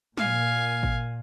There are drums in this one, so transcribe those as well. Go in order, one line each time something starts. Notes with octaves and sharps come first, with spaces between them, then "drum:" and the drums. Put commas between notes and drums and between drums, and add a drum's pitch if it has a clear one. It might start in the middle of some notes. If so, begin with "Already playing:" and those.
A#2 F5 G#5, drum: snare
drum: kick G#1